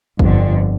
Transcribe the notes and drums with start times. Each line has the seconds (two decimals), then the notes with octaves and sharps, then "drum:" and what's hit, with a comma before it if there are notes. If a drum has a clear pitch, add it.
0.19 G1 F2 D3, drum: kick